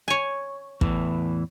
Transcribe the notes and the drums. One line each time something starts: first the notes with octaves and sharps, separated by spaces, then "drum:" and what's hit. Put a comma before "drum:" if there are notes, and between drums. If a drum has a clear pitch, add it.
C#5 G#5
E2 A2 E3, drum: kick